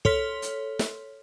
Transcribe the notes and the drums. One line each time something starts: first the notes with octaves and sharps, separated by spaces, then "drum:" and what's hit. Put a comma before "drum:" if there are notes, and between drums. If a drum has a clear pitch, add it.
A4 C#5 C6 F6 B6, drum: kick
drum: hi-hat
drum: snare